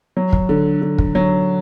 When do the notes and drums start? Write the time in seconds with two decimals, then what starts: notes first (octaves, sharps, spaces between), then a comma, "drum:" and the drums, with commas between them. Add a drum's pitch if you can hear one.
0.17 F#3
0.33 drum: kick
0.49 D3
0.82 D3
0.98 drum: kick
1.15 F#3